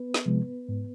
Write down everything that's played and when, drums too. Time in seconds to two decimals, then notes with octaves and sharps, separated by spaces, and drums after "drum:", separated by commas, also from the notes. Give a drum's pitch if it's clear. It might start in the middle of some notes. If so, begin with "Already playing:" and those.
Already playing: B3 B4
0.14 drum: snare
0.26 C3 F3 G#3
0.69 G#2